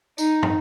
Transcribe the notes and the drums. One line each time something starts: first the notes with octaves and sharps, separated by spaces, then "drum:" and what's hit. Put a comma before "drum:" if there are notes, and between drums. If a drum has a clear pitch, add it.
D#4, drum: tambourine
drum: tom